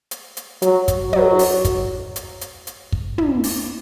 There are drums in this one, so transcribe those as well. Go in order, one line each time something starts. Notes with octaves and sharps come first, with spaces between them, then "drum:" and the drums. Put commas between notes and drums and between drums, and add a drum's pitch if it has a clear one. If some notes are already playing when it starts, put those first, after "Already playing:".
drum: hi-hat
drum: hi-hat
F#3, drum: hi-hat
drum: kick, hi-hat
F#3, drum: tom
drum: open hi-hat
drum: kick, hi-hat
drum: hi-hat
drum: hi-hat
drum: hi-hat
drum: kick
drum: tom
drum: open hi-hat